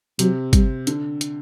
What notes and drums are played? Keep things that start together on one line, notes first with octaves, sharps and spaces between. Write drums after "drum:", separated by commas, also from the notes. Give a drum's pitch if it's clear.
C3 F#3, drum: hi-hat
G3, drum: kick G1, hi-hat
D3, drum: hi-hat
drum: hi-hat